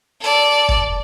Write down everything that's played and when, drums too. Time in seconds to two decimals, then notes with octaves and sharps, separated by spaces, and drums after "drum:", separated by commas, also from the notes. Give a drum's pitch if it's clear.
0.21 A4 D5
0.69 drum: kick